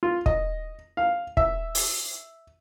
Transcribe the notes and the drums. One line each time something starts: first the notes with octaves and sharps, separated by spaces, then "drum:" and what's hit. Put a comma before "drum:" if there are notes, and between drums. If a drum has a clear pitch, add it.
F4
D#5, drum: kick
F5
E5, drum: kick
drum: open hi-hat